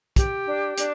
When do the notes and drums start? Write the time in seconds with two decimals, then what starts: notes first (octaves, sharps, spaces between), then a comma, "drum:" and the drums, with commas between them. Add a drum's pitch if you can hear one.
0.16 G4, drum: kick, hi-hat
0.47 D4
0.77 D4, drum: hi-hat